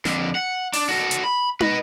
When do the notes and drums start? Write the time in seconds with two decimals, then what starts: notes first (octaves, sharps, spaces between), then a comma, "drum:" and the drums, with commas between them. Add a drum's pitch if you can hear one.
0.05 F2 D3, drum: snare
0.35 F#5
0.73 D4, drum: open hi-hat
0.89 F#4 A4
1.11 drum: hi-hat
1.24 B5
1.60 B4 D#5, drum: tom